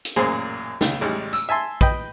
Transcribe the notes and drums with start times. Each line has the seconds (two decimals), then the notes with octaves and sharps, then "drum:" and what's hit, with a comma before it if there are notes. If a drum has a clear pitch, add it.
0.05 drum: hi-hat
0.16 A1 F#2 A#2 G#4 C5
0.81 C#2, drum: snare
1.01 A1 G3 G#3
1.33 E6, drum: tambourine
1.49 E5 G#5 A5 C6
1.81 B4 D#5 G5, drum: kick